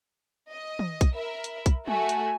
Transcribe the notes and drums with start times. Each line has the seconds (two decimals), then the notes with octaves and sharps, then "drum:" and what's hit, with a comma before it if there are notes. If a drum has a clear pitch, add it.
0.50 D#5
0.79 drum: tom
1.01 drum: kick B1, hi-hat
1.14 A#4 E5 B5
1.44 drum: hi-hat
1.66 drum: kick B1, hi-hat
1.87 A3 F#4 E5 G#5, drum: tom
2.09 drum: hi-hat